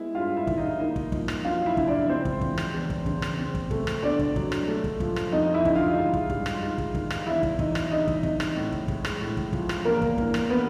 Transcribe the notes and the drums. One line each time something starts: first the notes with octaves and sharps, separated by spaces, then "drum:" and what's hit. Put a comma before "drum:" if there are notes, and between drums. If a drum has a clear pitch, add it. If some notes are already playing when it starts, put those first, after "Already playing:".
Already playing: G#3 B3 E4
G2 F4 F5
E4 E5
D#3, drum: kick
D#4 D#5
A#3 D#4 D#5
drum: kick
F3, drum: kick
drum: rim click
F#2 F4 F5
E4 E5
C#3, drum: kick
D4 D5
G#3 C4 C5
drum: kick
E3, drum: kick
drum: rim click
E2
drum: kick
C#3, drum: kick
drum: rim click
C4
drum: kick
A3, drum: kick
drum: rim click
B2 D4 D5
drum: kick
F#3, drum: kick
drum: rim click
A3
drum: kick
F3, drum: kick
drum: rim click
F2 D#4 D#5
E4 E5
D3, drum: kick
F4 F5
G#2
drum: kick
G3, drum: kick
drum: rim click
G#2
drum: kick
D#3, drum: kick
drum: rim click
E2 E4 E5
drum: kick
E3 D#4 D#5, drum: kick
drum: rim click
E2 D#4 D#5
drum: kick
C3, drum: kick
drum: rim click
A2
drum: kick
G#3, drum: kick
drum: rim click
A2
drum: kick
F3, drum: kick
drum: rim click
E2 A#3 A#4
drum: kick
E3, drum: kick
drum: rim click
B3 B4